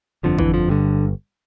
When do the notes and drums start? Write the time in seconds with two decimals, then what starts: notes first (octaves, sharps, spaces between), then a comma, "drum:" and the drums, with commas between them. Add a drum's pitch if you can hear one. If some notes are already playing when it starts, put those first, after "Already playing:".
0.23 G1 F2 D3 F3
0.39 E3, drum: kick
0.54 F3
0.68 G1 G2 D3